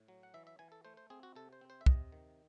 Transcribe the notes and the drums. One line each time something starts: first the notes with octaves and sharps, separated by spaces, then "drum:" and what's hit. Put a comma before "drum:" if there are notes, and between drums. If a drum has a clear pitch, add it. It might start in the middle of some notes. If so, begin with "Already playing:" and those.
Already playing: A2
F#3
F#5
E3 E5
E5
E3 G#5
A4
A3 C5
C5
C4 G#4
F#4
C3 A4
C5
C4
C5
E5
C3 D#5, drum: kick
D#3